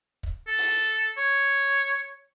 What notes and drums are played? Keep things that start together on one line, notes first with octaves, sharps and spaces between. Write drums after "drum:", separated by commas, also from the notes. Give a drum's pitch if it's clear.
drum: kick
A4
drum: open hi-hat
C#5